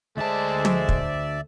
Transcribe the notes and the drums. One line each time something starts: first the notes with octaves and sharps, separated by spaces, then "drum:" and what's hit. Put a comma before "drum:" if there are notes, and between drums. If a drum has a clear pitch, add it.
D2 G#3 A4 C5 D5 E5 A5
drum: tom
drum: kick